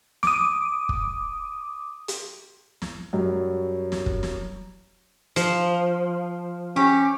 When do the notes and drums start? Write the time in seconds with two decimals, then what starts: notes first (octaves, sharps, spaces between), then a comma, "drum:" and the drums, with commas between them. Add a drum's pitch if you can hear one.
0.23 D6 D#6, drum: snare
0.89 drum: kick
2.08 drum: hi-hat
2.82 drum: snare
3.13 F#2 F#3 G3
3.92 drum: snare
4.06 drum: kick
4.23 drum: snare
5.36 F3, drum: hi-hat
6.76 C#4 G4